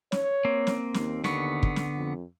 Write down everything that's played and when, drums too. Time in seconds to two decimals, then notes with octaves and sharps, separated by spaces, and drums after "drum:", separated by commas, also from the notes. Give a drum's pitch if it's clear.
0.12 C#5, drum: snare
0.45 A#3 C4
0.67 drum: snare
0.94 D#2, drum: snare
1.24 D3 B3 C#6, drum: snare
1.63 drum: kick
1.76 drum: snare
1.96 F2